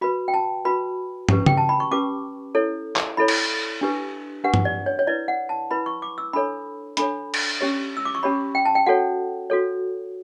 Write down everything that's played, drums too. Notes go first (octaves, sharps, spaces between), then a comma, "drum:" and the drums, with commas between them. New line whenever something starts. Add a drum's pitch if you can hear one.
F#4 B4 B5
G5
A5
F#4 B4 B5
C#4 G4 B4, drum: tom
G5, drum: tom C#3
A5
B5
C#6
C#4 G4 B4 D6
E4 A4 C#5
drum: clap
E4 A4 C#5 B5
drum: cymbal
D4 G4 B4
D4 G4 B4 F#5
drum: tom
D5
C#5
C#5
E4 B4 D5
F#5
A5
E4 B4 B5
C#6
D6
E6
D4 A4 C#5 B5
D4 A4 C#5 B5, drum: hi-hat
drum: cymbal
C#4 G4 C#5
E6
D6
C#6
C#4 G4 C#5 B5
G5
A5
G5
F#4 A4 C#5 F#5
F#4 A4 C#5